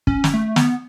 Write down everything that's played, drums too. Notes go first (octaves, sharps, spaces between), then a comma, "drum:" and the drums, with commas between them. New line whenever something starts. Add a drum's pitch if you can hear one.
C#4, drum: kick
drum: snare
A3
B3, drum: snare